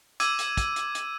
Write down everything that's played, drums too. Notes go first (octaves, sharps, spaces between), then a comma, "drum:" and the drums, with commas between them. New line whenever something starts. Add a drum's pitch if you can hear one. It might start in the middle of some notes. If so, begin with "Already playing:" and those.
D6 E6 G#6 D#7, drum: hi-hat
drum: hi-hat
drum: kick, hi-hat
drum: hi-hat
drum: hi-hat